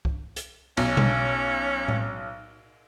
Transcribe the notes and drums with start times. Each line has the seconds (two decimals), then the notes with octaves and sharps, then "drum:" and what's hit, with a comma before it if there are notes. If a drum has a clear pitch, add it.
0.05 drum: kick C2
0.36 drum: hi-hat
0.77 B1 C#4, drum: cymbal
0.97 drum: tom B2
1.88 drum: tom A2